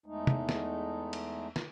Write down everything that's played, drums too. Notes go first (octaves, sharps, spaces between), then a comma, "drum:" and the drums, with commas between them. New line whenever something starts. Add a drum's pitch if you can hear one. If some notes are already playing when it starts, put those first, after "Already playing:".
E2 G#3 A3 D#4
drum: tom
drum: snare
drum: cymbal
drum: snare